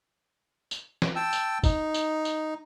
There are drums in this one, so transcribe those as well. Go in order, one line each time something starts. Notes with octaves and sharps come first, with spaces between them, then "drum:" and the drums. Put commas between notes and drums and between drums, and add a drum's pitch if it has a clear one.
drum: tambourine
drum: snare
G5 A5 E6
drum: tambourine
D#4, drum: kick, tambourine
drum: tambourine
drum: tambourine